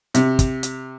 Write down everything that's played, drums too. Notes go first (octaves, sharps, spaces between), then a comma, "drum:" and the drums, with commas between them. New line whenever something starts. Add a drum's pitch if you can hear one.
C3, drum: hi-hat
drum: kick, hi-hat
drum: hi-hat